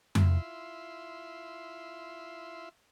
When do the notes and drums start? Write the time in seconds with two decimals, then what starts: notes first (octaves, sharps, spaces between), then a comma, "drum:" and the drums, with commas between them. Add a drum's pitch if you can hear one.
0.15 E4 F4 E5 C6, drum: tom F2